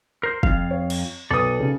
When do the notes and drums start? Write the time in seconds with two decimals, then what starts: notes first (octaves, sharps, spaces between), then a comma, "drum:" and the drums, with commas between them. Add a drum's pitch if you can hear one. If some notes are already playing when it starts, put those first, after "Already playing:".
0.23 A#4 C5 C7
0.43 F2 F3 F5, drum: kick
0.71 C#5
0.90 drum: cymbal
1.31 B1 A4 B4 D5 D#6
1.60 C#3